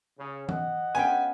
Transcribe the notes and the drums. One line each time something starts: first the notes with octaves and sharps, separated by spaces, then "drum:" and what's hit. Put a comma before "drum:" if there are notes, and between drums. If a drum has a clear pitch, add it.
C#3
D#5 F#5, drum: tom E3
B3 C#4 F4 G5 G#5